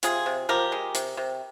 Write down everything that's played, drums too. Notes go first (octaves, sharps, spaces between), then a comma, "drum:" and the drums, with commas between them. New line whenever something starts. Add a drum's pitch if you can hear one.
C3 F4 G#4, drum: hi-hat
C3
F3 G4 A#4
G#3
C3, drum: hi-hat
C3